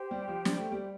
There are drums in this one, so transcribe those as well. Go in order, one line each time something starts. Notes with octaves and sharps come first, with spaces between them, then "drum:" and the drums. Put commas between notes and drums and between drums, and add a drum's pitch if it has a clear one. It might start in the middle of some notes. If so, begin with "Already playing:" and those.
Already playing: G4 C5 G5
G3
F3
G3, drum: snare
A3
G3